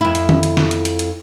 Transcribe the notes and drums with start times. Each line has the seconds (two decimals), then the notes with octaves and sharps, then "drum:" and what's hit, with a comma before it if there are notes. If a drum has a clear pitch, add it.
0.01 F2 E4
0.15 drum: hi-hat
0.29 drum: tom D#3
0.43 drum: hi-hat
0.57 drum: snare
0.71 drum: hi-hat
0.85 drum: hi-hat
0.99 drum: hi-hat